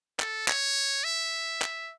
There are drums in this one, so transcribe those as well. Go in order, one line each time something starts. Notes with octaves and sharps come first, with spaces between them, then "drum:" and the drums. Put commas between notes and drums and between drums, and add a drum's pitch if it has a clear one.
A4, drum: clap
C#5, drum: clap
E5
drum: clap